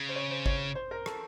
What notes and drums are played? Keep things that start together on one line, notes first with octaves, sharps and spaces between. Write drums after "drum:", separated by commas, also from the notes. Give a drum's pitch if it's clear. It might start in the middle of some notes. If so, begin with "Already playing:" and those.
Already playing: C#3
C5
C#5
C5
C#5, drum: kick G#1
C5
A#4
A4, drum: rim click